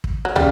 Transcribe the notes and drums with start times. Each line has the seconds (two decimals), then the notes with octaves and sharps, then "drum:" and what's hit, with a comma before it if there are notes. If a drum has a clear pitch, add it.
0.04 drum: kick
0.25 F#3
0.36 C#3 G3, drum: tom